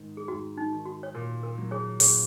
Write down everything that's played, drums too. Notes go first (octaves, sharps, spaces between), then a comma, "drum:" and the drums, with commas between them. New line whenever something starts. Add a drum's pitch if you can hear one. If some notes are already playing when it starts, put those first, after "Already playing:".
Already playing: G#2 D#3
G#4
G#2 F#4
D#4
D#3
F#4
C#5
A#2 A#4
A#4
F#3
G#4 C#5
A#2 G#4 C#5, drum: open hi-hat